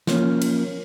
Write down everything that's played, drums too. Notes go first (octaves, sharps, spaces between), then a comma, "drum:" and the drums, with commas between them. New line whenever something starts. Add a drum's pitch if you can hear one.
F3 A#3 C#4, drum: snare
drum: cymbal